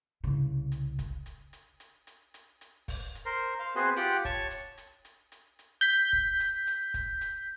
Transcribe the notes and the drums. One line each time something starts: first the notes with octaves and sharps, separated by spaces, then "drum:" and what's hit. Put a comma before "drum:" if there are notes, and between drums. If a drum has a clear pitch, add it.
C2 C#3
drum: hi-hat
drum: kick, hi-hat
drum: hi-hat
drum: hi-hat
drum: hi-hat
drum: hi-hat
drum: hi-hat
drum: hi-hat
drum: kick, open hi-hat
drum: hi-hat
A#4 C5
C5 F5
B3 C4 F#4 G#4 B4 C5
F4 G4 F#5 G5, drum: hi-hat
C#5 A5 C#6, drum: kick, hi-hat
drum: hi-hat
drum: hi-hat
drum: hi-hat
drum: hi-hat
drum: hi-hat
G6 B6
drum: kick
drum: hi-hat
drum: hi-hat
drum: kick, hi-hat
drum: hi-hat